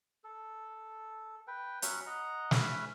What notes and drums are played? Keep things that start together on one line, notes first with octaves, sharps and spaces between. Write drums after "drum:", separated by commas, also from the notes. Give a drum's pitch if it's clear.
A4
B4 G5
F#3 C#4 F#5 B5, drum: hi-hat
D#5 F#5 A#5
C#4 B4 E5, drum: snare